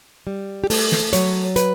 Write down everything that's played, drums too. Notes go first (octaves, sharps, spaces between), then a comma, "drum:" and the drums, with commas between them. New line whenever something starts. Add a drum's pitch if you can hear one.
G3
G4
A3 A4, drum: open hi-hat
drum: snare
F#3 C#5, drum: hi-hat
B4, drum: hi-hat